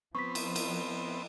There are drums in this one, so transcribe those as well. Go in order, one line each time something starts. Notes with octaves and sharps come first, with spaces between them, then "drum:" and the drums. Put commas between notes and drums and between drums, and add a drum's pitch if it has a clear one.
F3 B3 C4 C#6 B6
drum: cymbal
drum: cymbal